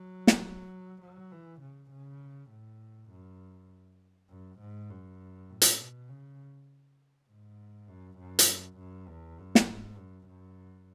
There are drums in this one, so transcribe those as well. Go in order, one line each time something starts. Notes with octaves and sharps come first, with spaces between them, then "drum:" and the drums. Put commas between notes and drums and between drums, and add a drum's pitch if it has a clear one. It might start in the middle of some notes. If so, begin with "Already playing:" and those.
Already playing: F#3
drum: snare
F#3
E3
C#3
C#3
A2
F#2
F#2
G#2
F#2
A2
drum: hi-hat
B2
C#3
G#2
F#2
F#2
drum: hi-hat
F#2
E2
F#2
drum: snare
G#2
F#2
F#2